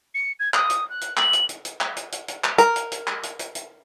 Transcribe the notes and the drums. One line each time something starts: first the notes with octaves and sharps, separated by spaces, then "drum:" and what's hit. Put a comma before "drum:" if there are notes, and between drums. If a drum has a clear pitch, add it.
C#7
G#6
D#6, drum: clap
drum: hi-hat
F#6
drum: hi-hat
F#7, drum: clap
drum: hi-hat
drum: hi-hat
drum: hi-hat
drum: clap
drum: hi-hat
drum: hi-hat
drum: hi-hat
drum: clap
A#4, drum: hi-hat
drum: hi-hat
drum: hi-hat
drum: clap
drum: hi-hat
drum: hi-hat
drum: hi-hat